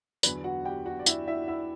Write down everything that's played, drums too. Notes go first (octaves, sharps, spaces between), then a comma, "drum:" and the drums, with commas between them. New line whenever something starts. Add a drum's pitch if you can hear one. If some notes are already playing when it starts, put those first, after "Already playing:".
E2 D3 F#3 B3 B4, drum: tambourine
F#4 F#5
G4 G5
F#4 F#5
D5
E4 E5, drum: tambourine
E4 E5
E4 E5